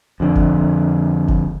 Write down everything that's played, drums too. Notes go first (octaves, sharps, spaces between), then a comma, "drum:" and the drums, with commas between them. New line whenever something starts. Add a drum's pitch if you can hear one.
F2 D3
drum: kick F#1
drum: kick F#1